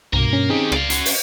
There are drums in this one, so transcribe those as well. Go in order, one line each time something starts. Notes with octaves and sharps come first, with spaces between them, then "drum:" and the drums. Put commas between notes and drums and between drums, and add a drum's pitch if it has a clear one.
C2 G2 B2 A#3 A#4
C#4
D#3 C4 D#4 G4 G#4
C#2 D5 F5, drum: rim click
C#4 F#4 C7, drum: hi-hat
drum: open hi-hat